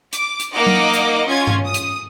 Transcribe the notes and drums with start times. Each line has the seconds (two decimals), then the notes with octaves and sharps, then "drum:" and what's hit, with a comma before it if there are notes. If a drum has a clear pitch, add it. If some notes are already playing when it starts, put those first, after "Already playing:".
0.13 D6, drum: hi-hat
0.40 drum: hi-hat
0.52 A#3 D#4 D#5 F#5 D6
0.67 drum: tom F#3
0.93 drum: hi-hat
1.27 C#4 F4 G#6
1.47 drum: tom G2
1.65 D#6
1.74 drum: hi-hat